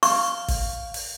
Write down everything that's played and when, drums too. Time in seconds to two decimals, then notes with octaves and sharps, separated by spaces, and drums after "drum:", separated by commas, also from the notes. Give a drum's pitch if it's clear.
0.03 F5 C#6, drum: open hi-hat
0.48 drum: kick, open hi-hat
0.94 drum: open hi-hat